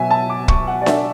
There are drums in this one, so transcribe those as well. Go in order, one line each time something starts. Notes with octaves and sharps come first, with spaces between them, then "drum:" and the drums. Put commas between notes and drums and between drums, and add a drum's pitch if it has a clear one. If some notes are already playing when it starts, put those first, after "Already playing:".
Already playing: B2 F#3 E5 G#5
A5
D6
C#6, drum: kick
F#5
D5
E5, drum: snare D4